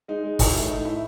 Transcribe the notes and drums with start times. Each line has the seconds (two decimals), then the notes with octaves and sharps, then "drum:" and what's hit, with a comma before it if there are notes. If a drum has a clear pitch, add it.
0.08 G#3 D#4
0.23 G#3
0.39 E3, drum: kick, open hi-hat
0.55 A3
0.69 A2 D#4
0.85 A2 E4